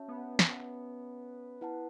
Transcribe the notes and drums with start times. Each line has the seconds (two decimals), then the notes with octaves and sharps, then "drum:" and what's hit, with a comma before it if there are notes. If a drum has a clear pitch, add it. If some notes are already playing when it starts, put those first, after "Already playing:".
Already playing: C#4 F#4 C#5 E5 A5
0.08 B3
0.39 B3, drum: snare
1.61 E4 B4 F#5 A5